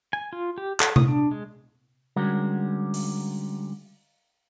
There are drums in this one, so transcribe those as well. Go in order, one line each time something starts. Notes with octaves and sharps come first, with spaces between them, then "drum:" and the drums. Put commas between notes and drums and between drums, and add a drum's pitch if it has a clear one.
G#5
F4
G4
A4, drum: clap
D#6, drum: tom C3
D4
G#3
D3 G3 G#3 C#4 F#4 A#4
drum: open hi-hat